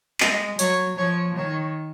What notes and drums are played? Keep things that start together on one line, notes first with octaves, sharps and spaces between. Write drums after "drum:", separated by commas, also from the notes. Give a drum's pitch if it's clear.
G#3 D#5, drum: clap
F#3 C#5, drum: hi-hat
F3 C#5
D#3 C#5